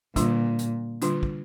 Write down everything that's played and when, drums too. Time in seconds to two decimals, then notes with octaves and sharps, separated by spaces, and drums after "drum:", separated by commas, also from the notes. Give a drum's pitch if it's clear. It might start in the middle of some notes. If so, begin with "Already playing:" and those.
0.16 A#2 D3 G3 D4 F4, drum: kick, hi-hat
0.59 drum: hi-hat
1.02 D3 G3 D4 F4, drum: hi-hat
1.23 drum: kick